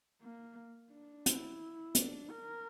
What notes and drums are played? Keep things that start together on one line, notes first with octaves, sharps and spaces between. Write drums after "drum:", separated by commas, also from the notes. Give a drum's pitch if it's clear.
A#3
D4
E4, drum: hi-hat
D4, drum: hi-hat
A#4